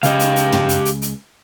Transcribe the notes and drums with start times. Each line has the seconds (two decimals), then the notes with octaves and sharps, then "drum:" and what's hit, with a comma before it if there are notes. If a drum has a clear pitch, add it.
0.03 C#2 C#3 G4 D#5 F5, drum: hi-hat
0.19 drum: hi-hat
0.36 drum: hi-hat
0.52 drum: tom
0.69 drum: hi-hat
0.85 drum: hi-hat
1.02 drum: hi-hat